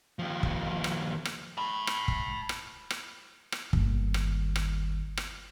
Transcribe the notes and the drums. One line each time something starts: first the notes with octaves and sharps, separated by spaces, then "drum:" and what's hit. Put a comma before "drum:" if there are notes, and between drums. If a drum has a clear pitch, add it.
D#2 F3
drum: kick
drum: rim click
drum: rim click
A5 B5
drum: rim click
drum: kick
drum: rim click
drum: rim click
drum: rim click
G1 D#2, drum: kick
drum: rim click
drum: rim click
drum: rim click